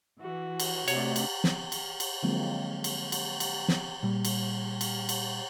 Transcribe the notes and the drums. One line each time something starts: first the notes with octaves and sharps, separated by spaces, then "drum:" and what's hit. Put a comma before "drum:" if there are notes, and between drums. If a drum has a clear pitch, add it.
E3 F#4
drum: cymbal
C3 A3 D4 C#5, drum: cymbal
drum: cymbal
drum: snare
drum: cymbal
drum: cymbal
D3 F3 F#3 G#3 A#3 C4
drum: cymbal
drum: cymbal
drum: cymbal
drum: snare
A#2 G3
drum: cymbal
drum: cymbal
drum: cymbal